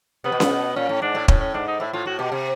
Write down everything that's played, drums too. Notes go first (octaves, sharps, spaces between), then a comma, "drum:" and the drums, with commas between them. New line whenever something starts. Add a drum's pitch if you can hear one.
C3 B3
B2
A#2, drum: snare C#4
B2
A#2 C#4
A2
G#2 D4
A2
A2 C#4, drum: kick
C#4
G#2 D4
D#4
A2 E4
A2 F4
A2 F#4
B2 G4
C3